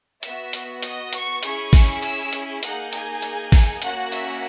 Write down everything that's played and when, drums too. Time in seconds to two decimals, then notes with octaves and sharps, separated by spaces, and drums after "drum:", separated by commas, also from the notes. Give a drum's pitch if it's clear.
0.23 B3 F#4 E5, drum: hi-hat
0.53 drum: hi-hat
0.82 D#5, drum: hi-hat
1.13 C#6, drum: hi-hat
1.43 C#4 E4 G#4 C#6, drum: hi-hat
1.73 drum: kick, open hi-hat
2.03 E6, drum: hi-hat
2.33 drum: hi-hat
2.63 A#3 D#4 G#4 F#5, drum: hi-hat
2.93 G#5, drum: hi-hat
3.22 drum: hi-hat
3.52 drum: kick, open hi-hat
3.82 A#3 C#4 F#4 F#5, drum: hi-hat
4.12 E5, drum: hi-hat